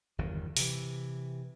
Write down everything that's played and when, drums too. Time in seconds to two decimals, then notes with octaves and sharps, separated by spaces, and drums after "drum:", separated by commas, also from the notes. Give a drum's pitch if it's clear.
0.18 G1 E2 D#3
0.57 C3 E3, drum: open hi-hat